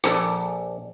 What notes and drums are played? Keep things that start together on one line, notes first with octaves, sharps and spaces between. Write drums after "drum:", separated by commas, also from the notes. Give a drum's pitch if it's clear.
A#1 A4 D5, drum: snare